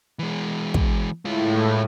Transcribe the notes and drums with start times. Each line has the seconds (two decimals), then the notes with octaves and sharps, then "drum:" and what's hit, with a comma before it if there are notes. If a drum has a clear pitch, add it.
0.19 E3 G#3
0.74 drum: kick
1.25 A2 G#3 F4